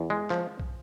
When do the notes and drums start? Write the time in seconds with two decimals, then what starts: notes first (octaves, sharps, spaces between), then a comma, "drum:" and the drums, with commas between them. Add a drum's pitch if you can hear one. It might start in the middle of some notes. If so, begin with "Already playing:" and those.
Already playing: E2
0.10 G#3
0.30 F3, drum: clap
0.60 drum: kick